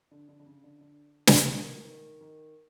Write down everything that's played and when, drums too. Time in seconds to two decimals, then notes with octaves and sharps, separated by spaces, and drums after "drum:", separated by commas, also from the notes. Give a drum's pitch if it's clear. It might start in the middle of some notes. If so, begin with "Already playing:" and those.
0.11 D3
0.29 D3
0.40 D3
0.46 C#3
0.64 D3
0.81 D3
1.27 drum: snare
1.50 D#3
1.85 D#3
2.21 D#3